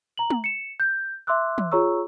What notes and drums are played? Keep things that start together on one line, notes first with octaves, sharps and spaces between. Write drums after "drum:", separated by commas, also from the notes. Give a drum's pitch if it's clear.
A#5 F#7
drum: tom
C#7 E7
G6
E5 C6 D6 E6 F#6
drum: tom
F4 G#4 C#5 A#5 C#6 E6